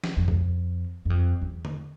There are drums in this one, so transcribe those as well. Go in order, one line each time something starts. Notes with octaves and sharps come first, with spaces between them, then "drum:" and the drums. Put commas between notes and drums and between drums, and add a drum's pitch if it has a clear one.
drum: snare
F2
drum: kick C2
F#2
F2
E2
drum: tom D3